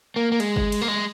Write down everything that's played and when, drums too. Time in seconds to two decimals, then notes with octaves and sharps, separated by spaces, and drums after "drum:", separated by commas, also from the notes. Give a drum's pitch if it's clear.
0.16 A#3
0.32 A#3
0.40 G#3, drum: cymbal
0.56 drum: kick G1
0.72 drum: cymbal
0.82 A#3
0.88 G#3